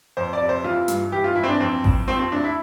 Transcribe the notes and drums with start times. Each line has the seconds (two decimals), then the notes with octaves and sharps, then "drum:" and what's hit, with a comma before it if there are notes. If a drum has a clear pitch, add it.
0.17 F2 C5
0.33 D5
0.41 C3
0.49 C5
0.64 E3 F4
0.88 G2, drum: hi-hat
1.12 E3 G4
1.24 F4
1.36 E3 E4
1.44 C4
1.48 D4
1.60 F2 C4
1.84 F2, drum: kick A1
2.07 F3 C4
2.19 C4
2.31 D2 D4
2.44 E4